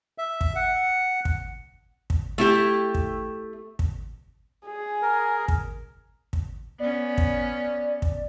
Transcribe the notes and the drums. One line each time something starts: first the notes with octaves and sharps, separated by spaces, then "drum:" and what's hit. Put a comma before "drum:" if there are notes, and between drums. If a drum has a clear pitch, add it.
E5
drum: kick
F#5
drum: kick
drum: kick
A3 E4 G4
drum: kick
drum: kick
G#4
A#4
drum: kick
drum: kick
B3 C#4 D5
drum: kick
drum: kick